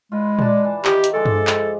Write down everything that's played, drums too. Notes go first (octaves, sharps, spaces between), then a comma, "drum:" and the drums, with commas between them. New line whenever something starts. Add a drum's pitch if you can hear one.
G#3 F4 B4
D4 A5, drum: tom A#2
E3
D#3 G4, drum: clap
drum: hi-hat
F3 G#3 A4 D6
drum: tom G2
drum: clap